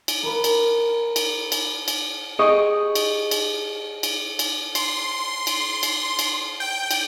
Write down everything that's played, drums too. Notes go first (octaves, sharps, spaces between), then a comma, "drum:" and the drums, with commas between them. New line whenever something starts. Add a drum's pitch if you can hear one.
drum: cymbal
A#4 B4
drum: cymbal
drum: cymbal
drum: cymbal
drum: cymbal
G4 G#4 D#5 C#6
drum: cymbal
drum: cymbal
drum: cymbal
drum: cymbal
C6, drum: cymbal
drum: cymbal
drum: cymbal
drum: cymbal
G5
drum: cymbal